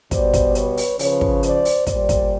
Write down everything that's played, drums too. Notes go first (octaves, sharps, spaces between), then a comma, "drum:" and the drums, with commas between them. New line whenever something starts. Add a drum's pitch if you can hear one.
B2 G3 C5 D5, drum: kick, hi-hat
drum: kick, hi-hat
B4 C#5, drum: hi-hat
drum: open hi-hat
C#3 F3 B4 C#5, drum: open hi-hat
drum: kick
C5 D5, drum: hi-hat
drum: open hi-hat
A#2 G3 C5 D5, drum: kick, hi-hat
drum: kick, hi-hat